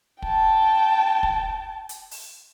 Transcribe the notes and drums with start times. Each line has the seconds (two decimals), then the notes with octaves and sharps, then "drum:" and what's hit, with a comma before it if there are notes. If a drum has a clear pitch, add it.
0.22 G5 A5, drum: kick
1.23 drum: kick
1.89 drum: hi-hat
2.11 drum: open hi-hat